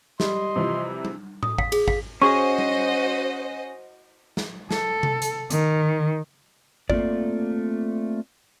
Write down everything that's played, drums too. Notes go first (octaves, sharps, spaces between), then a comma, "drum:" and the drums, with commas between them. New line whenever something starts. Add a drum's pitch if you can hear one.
G3 D#5 C6, drum: snare
C3 E3 F3
drum: tom G3
D#6, drum: tom A2
F5, drum: kick G#1
G#4, drum: cymbal
F5, drum: kick G#1
C#4 F#4 G#4 C5 D#5 C#6
drum: tom G3
drum: snare
A4, drum: snare
drum: tom C3
drum: hi-hat
D#3, drum: hi-hat
A3 A#3 C4 F4 D5, drum: kick G#1